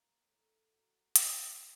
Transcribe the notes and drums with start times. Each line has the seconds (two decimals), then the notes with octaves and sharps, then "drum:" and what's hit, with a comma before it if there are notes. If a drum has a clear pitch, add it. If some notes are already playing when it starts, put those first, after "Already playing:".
Already playing: A#3
0.26 A2
0.71 F#3
1.16 A#3, drum: hi-hat